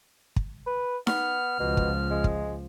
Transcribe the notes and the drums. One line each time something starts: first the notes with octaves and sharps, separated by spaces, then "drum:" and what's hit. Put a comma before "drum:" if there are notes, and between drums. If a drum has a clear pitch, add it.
drum: kick
B4
B3 F6, drum: snare D#4
C#2 B2 F3
drum: kick
G#3
drum: kick